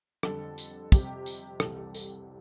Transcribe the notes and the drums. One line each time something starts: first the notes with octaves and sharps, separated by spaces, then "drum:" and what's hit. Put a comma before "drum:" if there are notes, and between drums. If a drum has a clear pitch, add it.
F2 D3 G3 A4, drum: rim click
drum: tambourine
F2 C3 G3 G4, drum: kick, tambourine
drum: tambourine
C2 C3 E3 G3 A4, drum: rim click
G4
A4, drum: tambourine